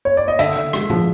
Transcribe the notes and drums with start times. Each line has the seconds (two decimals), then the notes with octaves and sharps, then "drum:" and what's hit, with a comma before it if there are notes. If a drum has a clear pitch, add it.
0.05 C#5
0.17 D5
0.28 D#5
0.39 D3 E5, drum: hi-hat
0.56 D3
0.73 G#3, drum: rim click
0.90 F3, drum: tom A#2